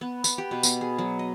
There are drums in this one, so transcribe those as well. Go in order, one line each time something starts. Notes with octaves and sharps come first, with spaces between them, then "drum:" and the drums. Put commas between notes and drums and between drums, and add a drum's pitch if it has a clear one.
B3
B3, drum: tambourine
G4
B2
B3, drum: tambourine
G#4
F#3
D#5